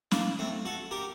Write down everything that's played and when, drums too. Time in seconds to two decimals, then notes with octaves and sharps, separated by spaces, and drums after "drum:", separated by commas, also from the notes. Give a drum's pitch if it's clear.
0.11 A#3 D4, drum: snare
0.39 A3 C4
0.65 F#4 A4
0.91 G4 A#4